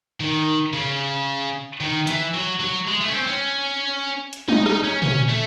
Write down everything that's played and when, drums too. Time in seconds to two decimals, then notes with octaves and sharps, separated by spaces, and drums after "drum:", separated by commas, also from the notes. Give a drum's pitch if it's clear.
0.20 D#3
0.73 C#3
1.81 D#3
2.07 E3, drum: hi-hat
2.34 F#3
2.60 F#3
2.88 G#3
3.01 A3
3.09 C#4
3.14 C4
3.27 C#4
4.33 drum: hi-hat
4.48 D#4, drum: tom
4.66 D#4, drum: rim click
4.84 C#4
5.02 C#4, drum: tom
5.29 A3